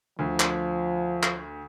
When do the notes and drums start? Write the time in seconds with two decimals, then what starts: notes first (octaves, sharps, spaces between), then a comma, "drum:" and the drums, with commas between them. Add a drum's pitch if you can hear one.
0.19 D2 F3
0.40 drum: clap
1.23 drum: clap